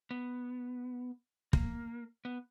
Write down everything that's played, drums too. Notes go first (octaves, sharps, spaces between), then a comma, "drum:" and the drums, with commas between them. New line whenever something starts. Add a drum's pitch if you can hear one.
B3
A#3, drum: kick
B3